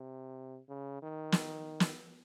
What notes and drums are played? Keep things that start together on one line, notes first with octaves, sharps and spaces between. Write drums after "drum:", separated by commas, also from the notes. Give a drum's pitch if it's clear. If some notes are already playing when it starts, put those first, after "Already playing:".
Already playing: C3
C#3
D#3
drum: snare
drum: snare